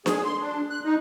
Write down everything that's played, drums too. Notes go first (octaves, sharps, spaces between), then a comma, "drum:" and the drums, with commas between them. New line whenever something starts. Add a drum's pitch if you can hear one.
G#4, drum: snare D4
C6
D4
F#6
D#4